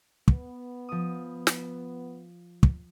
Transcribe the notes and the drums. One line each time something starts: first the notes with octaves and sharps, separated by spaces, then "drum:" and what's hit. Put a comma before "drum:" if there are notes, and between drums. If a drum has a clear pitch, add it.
B3, drum: kick
F3 D#6
drum: snare
drum: kick